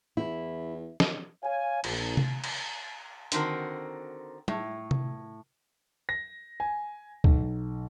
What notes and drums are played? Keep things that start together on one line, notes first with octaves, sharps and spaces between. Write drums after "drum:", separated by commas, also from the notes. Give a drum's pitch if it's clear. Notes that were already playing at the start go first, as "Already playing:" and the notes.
E2 E4
drum: snare
C#5 F5 G#5
A#1, drum: cymbal
drum: tom C3
drum: cymbal
D3 D#3 C4 F#4 A#4, drum: hi-hat
A2, drum: tom
drum: tom C3
A#6
G#5
B1, drum: kick